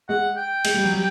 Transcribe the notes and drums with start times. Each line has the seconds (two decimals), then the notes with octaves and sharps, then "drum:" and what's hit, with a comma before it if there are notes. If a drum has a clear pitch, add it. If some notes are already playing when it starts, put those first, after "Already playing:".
0.09 G#3 F#5
0.37 G5
0.65 G#3, drum: cymbal
0.74 G3
0.84 F#3
0.93 G3